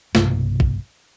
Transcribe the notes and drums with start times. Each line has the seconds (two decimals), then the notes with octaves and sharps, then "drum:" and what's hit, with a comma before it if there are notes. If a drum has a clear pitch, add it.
0.15 B1 G2 C3 A#3, drum: snare
0.60 drum: kick